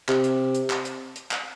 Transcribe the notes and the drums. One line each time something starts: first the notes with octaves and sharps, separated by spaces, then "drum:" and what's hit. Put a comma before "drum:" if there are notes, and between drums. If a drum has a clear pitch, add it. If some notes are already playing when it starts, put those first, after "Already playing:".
C3, drum: clap
drum: hi-hat
drum: hi-hat
drum: clap
drum: hi-hat
drum: hi-hat
drum: clap